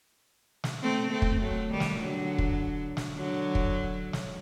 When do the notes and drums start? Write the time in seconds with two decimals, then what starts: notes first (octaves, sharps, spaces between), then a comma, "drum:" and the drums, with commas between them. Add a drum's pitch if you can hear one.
0.64 drum: snare
0.83 A3 C4
1.12 A3 C4
1.22 drum: kick
1.41 F#3 A3
1.70 D#3 G3
1.80 drum: snare
2.00 D3 F#3
2.38 drum: kick
2.97 drum: snare
3.16 D3 F#3
3.55 drum: kick
4.13 drum: snare